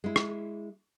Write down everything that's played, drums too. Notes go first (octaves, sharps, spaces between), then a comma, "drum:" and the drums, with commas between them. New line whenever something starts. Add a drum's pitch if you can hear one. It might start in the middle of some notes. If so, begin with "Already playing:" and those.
G#3 E4
drum: rim click